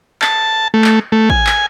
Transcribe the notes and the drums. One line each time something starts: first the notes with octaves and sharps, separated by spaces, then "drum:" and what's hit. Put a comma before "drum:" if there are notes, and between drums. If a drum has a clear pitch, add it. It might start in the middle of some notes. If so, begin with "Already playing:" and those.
A5, drum: clap
A3
drum: clap
A3
G#5, drum: kick A1
drum: clap